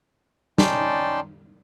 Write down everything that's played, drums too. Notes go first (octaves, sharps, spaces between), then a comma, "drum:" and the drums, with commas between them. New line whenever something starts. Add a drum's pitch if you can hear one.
C#4 D#4 D5 G5 A5 C6, drum: snare